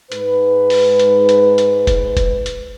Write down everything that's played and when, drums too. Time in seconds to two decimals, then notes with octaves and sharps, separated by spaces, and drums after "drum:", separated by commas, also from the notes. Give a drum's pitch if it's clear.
0.12 G#2 B4, drum: hi-hat
0.70 drum: open hi-hat
0.99 drum: hi-hat
1.29 drum: hi-hat
1.58 drum: hi-hat
1.87 drum: kick F1, hi-hat
2.17 drum: kick F1, hi-hat
2.46 drum: hi-hat